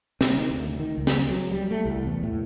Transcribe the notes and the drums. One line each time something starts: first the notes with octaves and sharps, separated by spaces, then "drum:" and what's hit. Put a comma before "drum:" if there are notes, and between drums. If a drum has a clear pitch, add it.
C3, drum: snare
D#3
D2
D#3
C#2
drum: snare
F#3
G3
A3
C2
E2
A2